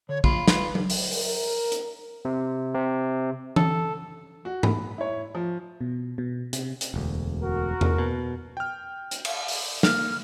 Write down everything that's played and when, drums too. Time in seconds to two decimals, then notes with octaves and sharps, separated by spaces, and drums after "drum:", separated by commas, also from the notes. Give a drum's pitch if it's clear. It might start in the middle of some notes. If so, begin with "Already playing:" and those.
0.09 D3 C#5
0.24 F3 A#3 F4 F5 B5, drum: kick
0.48 G3 F4 B4, drum: snare
0.75 drum: tom F#3
0.90 drum: open hi-hat
1.11 A#4, drum: open hi-hat
1.72 drum: hi-hat
2.25 C3
2.75 C3
3.56 A4, drum: tom E3
4.45 F#4
4.63 B5, drum: tom G#2
4.98 E4 C#5
5.35 F3
5.81 B2
6.18 B2
6.53 C3, drum: hi-hat
6.81 drum: hi-hat
6.94 E1 D2
7.42 F#4 A#4
7.81 drum: tom E2
7.98 B2
8.57 G5 F6
9.11 drum: hi-hat
9.25 drum: cymbal
9.48 drum: open hi-hat
9.83 A#3 F6, drum: snare